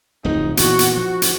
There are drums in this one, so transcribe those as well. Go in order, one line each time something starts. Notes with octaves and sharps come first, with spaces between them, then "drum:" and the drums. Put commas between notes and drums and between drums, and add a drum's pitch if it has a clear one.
D1 F2 F3 D#4
A#2 E3 B3 F#4, drum: hi-hat
drum: hi-hat
F3 F#4
drum: hi-hat